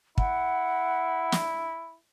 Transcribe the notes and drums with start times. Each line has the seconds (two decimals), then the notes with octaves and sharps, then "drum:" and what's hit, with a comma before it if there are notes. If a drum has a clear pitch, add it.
0.18 E4 F#5, drum: kick
1.32 drum: snare